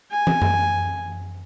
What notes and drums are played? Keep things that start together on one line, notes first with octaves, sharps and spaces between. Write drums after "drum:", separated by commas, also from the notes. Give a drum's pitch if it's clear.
G#5
drum: tom
drum: tom F#2